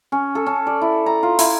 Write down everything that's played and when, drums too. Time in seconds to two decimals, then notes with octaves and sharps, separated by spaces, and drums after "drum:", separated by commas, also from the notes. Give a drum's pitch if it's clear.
0.12 C#4
0.35 A4
0.46 C#4
0.67 D5
0.82 E4
1.06 A#5
1.23 F4
1.39 E4, drum: open hi-hat